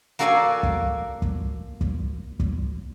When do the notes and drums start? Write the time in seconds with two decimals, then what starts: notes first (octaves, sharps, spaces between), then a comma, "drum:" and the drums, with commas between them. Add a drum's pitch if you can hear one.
0.19 A#3 F#4 A4 D5 F5 G#5
0.63 drum: kick
1.22 drum: kick
1.81 drum: kick
2.40 drum: kick